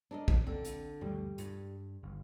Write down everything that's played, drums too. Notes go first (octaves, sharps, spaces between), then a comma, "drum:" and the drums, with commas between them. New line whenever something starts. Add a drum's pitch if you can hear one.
D4 A#4 D#5
drum: kick
D3 C4
drum: hi-hat
D2 G2 B2 G3
G2, drum: hi-hat
G1